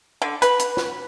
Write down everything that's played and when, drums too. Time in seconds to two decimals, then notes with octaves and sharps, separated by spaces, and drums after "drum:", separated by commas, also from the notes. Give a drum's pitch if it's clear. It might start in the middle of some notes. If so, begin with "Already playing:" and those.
0.22 D3
0.42 B4, drum: hi-hat
0.59 drum: hi-hat
0.77 drum: snare